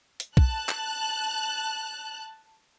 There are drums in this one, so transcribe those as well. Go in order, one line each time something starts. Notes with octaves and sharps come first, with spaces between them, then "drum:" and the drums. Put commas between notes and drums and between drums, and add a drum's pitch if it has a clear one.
drum: hi-hat
A5 F#6, drum: kick
drum: clap